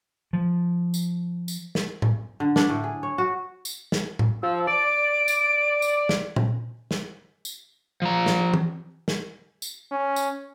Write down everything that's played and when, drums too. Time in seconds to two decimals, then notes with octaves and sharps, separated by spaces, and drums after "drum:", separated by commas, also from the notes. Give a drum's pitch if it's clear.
0.33 F3
0.94 drum: tambourine
1.48 drum: tambourine
1.75 drum: snare
2.02 drum: tom A2
2.40 D3
2.56 D4, drum: snare
2.70 A2
2.84 G#4
3.03 C#5
3.18 F#4
3.65 drum: tambourine
3.92 drum: snare
4.19 drum: tom A2
4.43 F3 E6
4.67 D5 D7
5.28 drum: tambourine
5.82 drum: tambourine
6.09 drum: snare
6.36 drum: tom A#2
6.91 drum: snare
7.45 drum: tambourine
8.02 F3 A#5
8.26 drum: snare
8.54 drum: tom E3
9.08 drum: snare
9.62 drum: tambourine
9.91 C#4
10.16 drum: tambourine